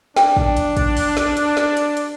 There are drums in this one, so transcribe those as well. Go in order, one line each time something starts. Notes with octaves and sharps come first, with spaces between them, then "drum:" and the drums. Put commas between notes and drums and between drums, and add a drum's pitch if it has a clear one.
D4 G5, drum: snare
drum: kick
drum: hi-hat
drum: kick, hi-hat
drum: open hi-hat
drum: snare
drum: hi-hat
drum: snare
drum: hi-hat
drum: hi-hat